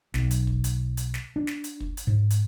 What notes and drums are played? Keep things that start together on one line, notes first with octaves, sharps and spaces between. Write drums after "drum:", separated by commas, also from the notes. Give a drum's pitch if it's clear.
B1, drum: snare
drum: hi-hat
drum: kick
drum: hi-hat
drum: hi-hat
drum: snare
D4
drum: snare
drum: hi-hat
drum: kick
drum: hi-hat
G#2
drum: hi-hat